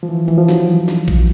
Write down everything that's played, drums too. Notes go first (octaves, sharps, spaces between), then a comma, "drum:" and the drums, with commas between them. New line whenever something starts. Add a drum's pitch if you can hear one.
F3
E3
E3, drum: tom D#3
F3
F#3, drum: snare
drum: snare
drum: kick A#1